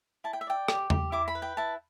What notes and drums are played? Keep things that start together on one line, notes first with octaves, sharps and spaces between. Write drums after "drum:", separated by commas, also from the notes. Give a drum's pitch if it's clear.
E4 A5
G5
E5
D5 G5
G4, drum: rim click
G4, drum: tom E2
E4 D6
B5
B4
G5
E4 A5